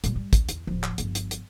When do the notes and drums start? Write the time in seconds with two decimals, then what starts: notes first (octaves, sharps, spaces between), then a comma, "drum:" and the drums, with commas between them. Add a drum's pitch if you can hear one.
0.04 A#2 G3, drum: hi-hat
0.16 G3
0.33 C#2, drum: kick, hi-hat
0.49 E2, drum: hi-hat
0.67 D1 F3
0.83 drum: clap
0.98 G1 F3, drum: hi-hat
1.15 drum: hi-hat
1.31 drum: hi-hat